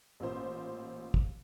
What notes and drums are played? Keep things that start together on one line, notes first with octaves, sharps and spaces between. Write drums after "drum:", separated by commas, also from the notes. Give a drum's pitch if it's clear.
A1 A#2 C5
drum: kick